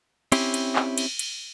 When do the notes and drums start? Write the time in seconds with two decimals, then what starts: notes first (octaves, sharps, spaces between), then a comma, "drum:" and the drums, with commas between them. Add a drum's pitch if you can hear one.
0.32 C4 C#4 E4 G4, drum: cymbal
0.54 drum: cymbal
0.76 drum: clap
0.98 drum: cymbal
1.19 drum: cymbal